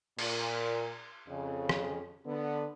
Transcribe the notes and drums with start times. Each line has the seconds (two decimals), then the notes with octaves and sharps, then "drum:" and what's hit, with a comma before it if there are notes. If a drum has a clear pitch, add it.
0.19 A#2, drum: cymbal
1.28 F2 C#3
1.69 drum: rim click
2.26 D3 B3